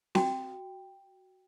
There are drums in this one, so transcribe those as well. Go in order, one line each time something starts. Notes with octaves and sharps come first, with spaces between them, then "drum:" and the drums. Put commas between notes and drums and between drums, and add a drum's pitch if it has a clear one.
F#4 G5, drum: snare C4